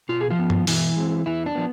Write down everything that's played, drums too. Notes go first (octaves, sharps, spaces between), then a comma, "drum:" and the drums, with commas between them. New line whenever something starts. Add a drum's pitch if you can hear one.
B2 F4
G#4
F3 F4
B3
drum: tom G2
B2 E3 E4, drum: open hi-hat
G#3 C4
E2 E3 E4
D4
F3 B3